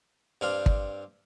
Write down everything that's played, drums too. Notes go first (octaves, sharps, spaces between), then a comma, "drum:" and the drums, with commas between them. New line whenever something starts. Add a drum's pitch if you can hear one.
G2 C4 D4 F5
drum: kick